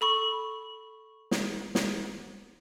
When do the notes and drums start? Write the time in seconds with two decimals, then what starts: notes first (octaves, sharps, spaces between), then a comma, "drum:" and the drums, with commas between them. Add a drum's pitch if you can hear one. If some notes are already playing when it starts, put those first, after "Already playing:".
0.01 A4 B5 C#6
1.31 drum: snare
1.75 drum: snare